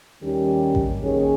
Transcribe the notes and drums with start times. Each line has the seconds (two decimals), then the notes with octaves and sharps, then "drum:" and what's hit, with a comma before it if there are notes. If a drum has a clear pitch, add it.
0.22 D#2 D#3 G3 C#4 G4
0.75 drum: kick A1
1.01 D#3 A#3 C#4 G#4 C#5